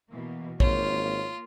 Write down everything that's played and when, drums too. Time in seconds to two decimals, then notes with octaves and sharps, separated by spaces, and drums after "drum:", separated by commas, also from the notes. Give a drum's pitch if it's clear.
0.11 B2 E3 A#3
0.60 G#1 A#3 F4 C#5, drum: kick A#1